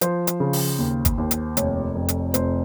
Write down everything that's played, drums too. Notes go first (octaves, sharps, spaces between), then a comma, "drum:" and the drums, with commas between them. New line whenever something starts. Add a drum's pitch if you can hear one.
F3 C5, drum: hi-hat
drum: hi-hat
C#3
drum: open hi-hat
D#2
drum: kick, hi-hat
D#2
drum: hi-hat
F1 C#5, drum: hi-hat
F2
drum: hi-hat
F1 C5, drum: hi-hat